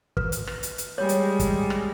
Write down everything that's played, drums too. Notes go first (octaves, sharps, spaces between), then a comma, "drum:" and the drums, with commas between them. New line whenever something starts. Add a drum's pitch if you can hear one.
B4, drum: kick
drum: hi-hat
drum: rim click
drum: hi-hat
drum: hi-hat
G3 G#3 C#5
drum: hi-hat
drum: kick, hi-hat
drum: rim click